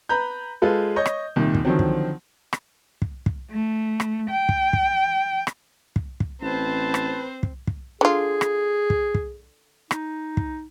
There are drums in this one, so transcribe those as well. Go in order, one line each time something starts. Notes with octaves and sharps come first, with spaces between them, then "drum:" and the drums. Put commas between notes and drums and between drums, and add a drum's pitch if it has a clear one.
B4 A#5 B5 G6
G#3 F4 A4 B4
C#5 D#5 C#6 G6
drum: rim click
C2 A#2 D#3
drum: kick
D3 D#3 F3 F#3 C4
drum: kick
drum: rim click
drum: kick
drum: kick
A3
drum: rim click
G5
drum: kick
drum: kick
drum: rim click
drum: kick
drum: kick
A1 C4 B4 C5 A5
drum: rim click
drum: kick
drum: kick
D3 F4 G#4
drum: rim click
drum: kick
drum: kick
D#4, drum: rim click
drum: kick